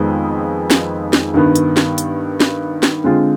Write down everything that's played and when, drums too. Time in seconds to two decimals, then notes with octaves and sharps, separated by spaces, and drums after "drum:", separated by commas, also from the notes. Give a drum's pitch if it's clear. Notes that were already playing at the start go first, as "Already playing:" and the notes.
Already playing: F2 D#3 G#3 B3
0.71 drum: snare
1.13 drum: snare
1.34 G2 D#3 B3
1.55 drum: hi-hat
1.77 drum: snare
1.98 drum: hi-hat
2.40 drum: snare
2.83 drum: snare
3.04 D3 G#3 C4 F4